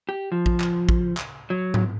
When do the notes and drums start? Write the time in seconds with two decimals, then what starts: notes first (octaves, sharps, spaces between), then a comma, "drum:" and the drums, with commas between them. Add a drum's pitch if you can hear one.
0.09 G4
0.32 F3
0.46 drum: kick A1
0.60 drum: clap
0.89 drum: kick A1
1.17 drum: clap
1.50 F#3
1.74 drum: tom G#2